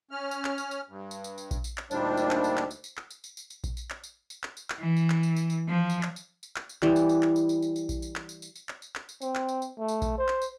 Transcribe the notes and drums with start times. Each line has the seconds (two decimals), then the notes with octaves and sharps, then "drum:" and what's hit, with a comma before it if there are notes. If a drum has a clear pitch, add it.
0.11 C#4 F6
0.31 drum: tambourine
0.45 drum: clap
0.58 drum: tambourine
0.71 drum: tambourine
0.89 G2
1.11 drum: tambourine
1.24 drum: tambourine
1.38 drum: tambourine
1.51 drum: kick A#1, tambourine
1.64 drum: tambourine
1.78 drum: clap
1.91 D2 A#2 G3 D4 D#4 C5, drum: tambourine
2.17 drum: tambourine
2.31 drum: clap
2.44 drum: tambourine
2.57 drum: clap
2.71 drum: tambourine
2.84 drum: tambourine
2.97 drum: clap
3.10 drum: tambourine
3.24 drum: tambourine
3.37 drum: tambourine
3.50 drum: tambourine
3.64 drum: kick A#1, tambourine
3.77 drum: tambourine
3.90 drum: clap
4.04 drum: tambourine
4.30 drum: tambourine
4.43 drum: clap
4.57 drum: tambourine
4.70 drum: clap
4.80 E3
4.97 drum: tambourine
5.10 drum: clap
5.23 drum: tambourine
5.36 drum: tambourine
5.50 drum: tambourine
5.68 F3
5.90 drum: tambourine
6.03 drum: clap
6.16 drum: tambourine
6.43 drum: tambourine
6.56 drum: clap
6.69 drum: tambourine
6.82 E3 G3, drum: clap
6.96 drum: tambourine
7.09 drum: tambourine
7.23 drum: clap
7.36 drum: tambourine
7.49 drum: tambourine
7.62 drum: tambourine
7.76 drum: tambourine
7.89 drum: kick A#1, tambourine
8.02 drum: tambourine
8.16 drum: clap
8.29 drum: tambourine
8.42 drum: tambourine
8.56 drum: tambourine
8.69 drum: clap
8.82 drum: tambourine
8.95 drum: clap
9.09 drum: tambourine
9.22 C4, drum: tambourine
9.35 drum: clap
9.49 drum: tambourine
9.62 drum: tambourine
9.79 A3
9.88 drum: tambourine
10.02 drum: kick A#1, tambourine
10.18 C5
10.28 drum: clap
10.42 drum: tambourine